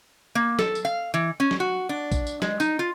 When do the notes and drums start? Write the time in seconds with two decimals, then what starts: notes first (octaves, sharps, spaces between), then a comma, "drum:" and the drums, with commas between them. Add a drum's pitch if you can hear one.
0.35 A#3
0.59 A4, drum: snare
0.75 drum: tambourine
0.85 F5
1.14 E3
1.40 C#4
1.51 drum: snare
1.60 F#4
1.89 D4
2.12 drum: kick A#1, tambourine
2.27 drum: tambourine
2.42 G#3, drum: snare
2.60 D#4, drum: tambourine
2.79 F4